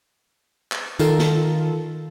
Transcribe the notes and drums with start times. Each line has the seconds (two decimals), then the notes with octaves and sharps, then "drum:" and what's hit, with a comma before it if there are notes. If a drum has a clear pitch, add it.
0.72 drum: clap
0.99 D#3 F4 A4 A#4, drum: tambourine
1.19 drum: snare